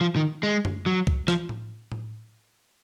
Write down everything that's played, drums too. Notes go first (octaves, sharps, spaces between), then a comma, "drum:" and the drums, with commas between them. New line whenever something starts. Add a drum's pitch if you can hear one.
F3
D#3
G#3
drum: tom F#2
F#3
drum: kick C2
F3, drum: rim click
drum: tom A2
drum: tom A2